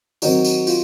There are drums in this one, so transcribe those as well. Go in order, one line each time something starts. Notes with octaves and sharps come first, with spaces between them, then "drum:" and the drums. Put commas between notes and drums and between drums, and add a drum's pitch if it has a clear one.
D#3 F#3 C4 D#4 F#4, drum: tambourine
drum: tambourine
F4, drum: tambourine